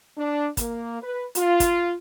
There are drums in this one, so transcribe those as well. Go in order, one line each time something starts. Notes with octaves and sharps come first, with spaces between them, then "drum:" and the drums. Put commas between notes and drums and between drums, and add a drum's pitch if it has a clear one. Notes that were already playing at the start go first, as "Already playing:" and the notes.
D4
A#3, drum: kick, hi-hat
B4
F4, drum: hi-hat
drum: kick, hi-hat